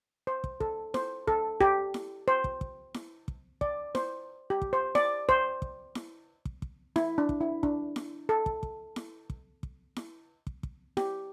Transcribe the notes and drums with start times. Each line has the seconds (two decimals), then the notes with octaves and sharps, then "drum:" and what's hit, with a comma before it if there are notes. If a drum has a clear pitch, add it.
0.27 C5
0.44 drum: kick
0.60 A4, drum: kick
0.94 C5, drum: snare E4
1.27 A4, drum: kick
1.61 G4, drum: kick
1.94 drum: snare E4
2.28 C5
2.44 drum: kick
2.61 drum: kick
2.94 drum: snare E4
3.28 drum: kick
3.61 D5, drum: kick
3.95 C5, drum: snare E4
4.50 G4
4.62 drum: kick
4.73 C5
4.95 D5, drum: snare E4
5.29 C5, drum: kick
5.62 drum: kick
5.95 drum: snare E4
6.45 drum: kick
6.62 drum: kick
6.96 E4, drum: snare E4
7.18 D4
7.29 drum: kick
7.41 E4
7.63 D4, drum: kick
7.96 drum: snare E4
8.29 A4
8.46 drum: kick
8.63 drum: kick
8.96 drum: snare E4
9.30 drum: kick
9.63 drum: kick
9.96 drum: snare E4
10.47 drum: kick
10.63 drum: kick
10.97 G4, drum: snare E4